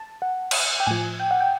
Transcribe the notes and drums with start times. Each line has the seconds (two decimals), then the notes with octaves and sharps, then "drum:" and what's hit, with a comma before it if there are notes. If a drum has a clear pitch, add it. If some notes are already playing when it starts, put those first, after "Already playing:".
Already playing: A5
0.22 F#5
0.51 drum: cymbal
0.80 G5
0.86 A2 F3 G#5
1.20 G5
1.31 F#5
1.41 G5